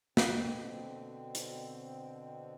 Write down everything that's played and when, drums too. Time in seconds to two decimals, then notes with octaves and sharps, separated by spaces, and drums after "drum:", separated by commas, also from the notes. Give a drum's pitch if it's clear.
0.17 B2 D3 C4, drum: snare
1.35 drum: hi-hat